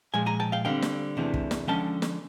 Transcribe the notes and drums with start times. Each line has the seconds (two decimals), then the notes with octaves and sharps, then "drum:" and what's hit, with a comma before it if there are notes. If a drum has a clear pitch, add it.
0.14 A#2 F3 G#3 G#5
0.26 G#5 A#5
0.40 G5 A5
0.52 F5 G5
0.65 D3 G3 C4 F5 G5
0.82 drum: snare
1.17 E2 C3 E3 A3 D4
1.34 drum: kick
1.51 drum: snare
1.67 D3 F3 G#3 C#4 G5 A5
2.02 drum: snare